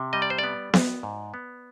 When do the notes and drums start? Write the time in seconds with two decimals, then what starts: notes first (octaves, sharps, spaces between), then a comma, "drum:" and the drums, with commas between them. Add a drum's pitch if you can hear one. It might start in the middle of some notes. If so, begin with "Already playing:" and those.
Already playing: C3
0.13 G3 D#5
0.22 D5
0.30 C5
0.38 D5
0.44 B3
0.74 B3, drum: snare B3
1.03 G#2
1.34 B3